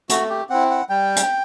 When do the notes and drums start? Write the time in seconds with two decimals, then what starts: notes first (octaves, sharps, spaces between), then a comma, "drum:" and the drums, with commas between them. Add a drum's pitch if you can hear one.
0.09 A3 F#4, drum: hi-hat
0.30 G4
0.50 C4 E4 F#5
0.70 F#5
0.89 G3 G5
1.16 drum: hi-hat